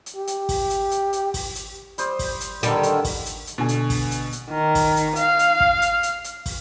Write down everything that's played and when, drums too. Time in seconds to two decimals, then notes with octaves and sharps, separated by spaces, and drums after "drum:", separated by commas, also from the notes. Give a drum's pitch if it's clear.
0.06 drum: hi-hat
0.17 G4
0.27 drum: hi-hat
0.49 drum: kick, open hi-hat
0.70 drum: hi-hat
0.91 drum: hi-hat
1.13 drum: hi-hat
1.34 drum: kick, open hi-hat
1.55 drum: hi-hat
1.98 G3 C5 D#6, drum: hi-hat
2.19 drum: kick, open hi-hat
2.41 drum: hi-hat
2.63 D3 D#3 G3 G4 B4 A5, drum: hi-hat
2.83 drum: hi-hat
3.05 drum: kick, open hi-hat
3.26 drum: hi-hat
3.47 drum: hi-hat
3.58 B2 D3 G#5
3.69 drum: hi-hat
3.90 drum: kick, open hi-hat
4.11 drum: hi-hat
4.33 drum: hi-hat
4.50 D#3
4.75 drum: kick, open hi-hat
4.96 drum: hi-hat
5.16 F5, drum: hi-hat
5.39 drum: hi-hat
5.60 drum: kick
5.82 drum: hi-hat
6.03 drum: hi-hat
6.24 drum: hi-hat
6.46 drum: kick, open hi-hat